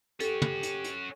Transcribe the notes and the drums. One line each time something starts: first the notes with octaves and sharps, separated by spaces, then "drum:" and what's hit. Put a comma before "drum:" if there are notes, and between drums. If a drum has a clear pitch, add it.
C#4 F#4 G4 A4, drum: hi-hat
drum: tom
drum: hi-hat
drum: hi-hat